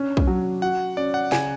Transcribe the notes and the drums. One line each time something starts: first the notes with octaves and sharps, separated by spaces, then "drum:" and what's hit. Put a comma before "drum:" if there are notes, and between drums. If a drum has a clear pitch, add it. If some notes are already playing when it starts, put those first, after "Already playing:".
Already playing: C#4 D4
drum: kick
F#3
F#4 F#5
C#4 D5
F#5
C#3 G#5, drum: snare